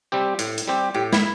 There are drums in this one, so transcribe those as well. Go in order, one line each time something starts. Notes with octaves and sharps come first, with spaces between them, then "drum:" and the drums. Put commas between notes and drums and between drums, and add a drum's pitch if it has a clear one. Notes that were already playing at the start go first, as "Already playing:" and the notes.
G3 C4 G4
A2, drum: hi-hat
drum: hi-hat
G3 C4 G4
A2 G4
E4, drum: snare